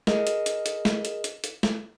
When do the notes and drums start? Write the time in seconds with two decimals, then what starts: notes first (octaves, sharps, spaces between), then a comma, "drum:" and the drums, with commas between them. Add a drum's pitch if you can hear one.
0.07 G#4 A#4 D#5, drum: snare
0.27 drum: hi-hat
0.46 drum: hi-hat
0.66 drum: hi-hat
0.85 drum: snare
1.05 drum: hi-hat
1.24 drum: hi-hat
1.44 drum: hi-hat
1.63 drum: snare